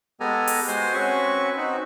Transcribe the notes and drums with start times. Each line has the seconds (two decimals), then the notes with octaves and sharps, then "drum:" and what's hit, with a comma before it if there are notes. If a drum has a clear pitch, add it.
0.20 G#3 B3 G4 A4 G#5 A#5
0.48 drum: open hi-hat
0.68 G#3 F#4 C5 G#5 C6
0.94 C4 C#4 F#4 B4 C#6
1.57 C4 D#4 F#4